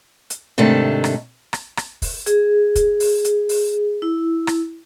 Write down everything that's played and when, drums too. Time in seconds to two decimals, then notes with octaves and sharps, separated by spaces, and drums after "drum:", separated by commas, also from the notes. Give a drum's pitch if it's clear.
0.30 drum: hi-hat
0.58 G#2 C3 D#3 A3 D4
1.04 drum: rim click
1.53 drum: rim click
1.77 drum: rim click
2.02 drum: kick, open hi-hat
2.26 G#4, drum: hi-hat
2.75 drum: kick, hi-hat
3.00 drum: open hi-hat
3.25 drum: hi-hat
3.49 drum: open hi-hat
4.02 E4
4.47 drum: rim click